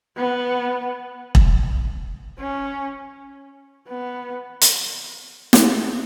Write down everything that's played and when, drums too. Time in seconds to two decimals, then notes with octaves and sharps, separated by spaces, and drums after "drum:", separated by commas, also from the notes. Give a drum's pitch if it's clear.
0.17 B3
1.35 drum: kick E1
2.39 C#4
3.88 B3
4.61 drum: hi-hat
5.53 drum: snare